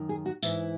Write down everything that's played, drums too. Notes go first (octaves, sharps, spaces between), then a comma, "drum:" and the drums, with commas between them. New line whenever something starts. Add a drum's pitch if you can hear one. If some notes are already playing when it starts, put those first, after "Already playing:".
Already playing: F#2 D#3
G#4
F#4
G#2 E3 E4, drum: tambourine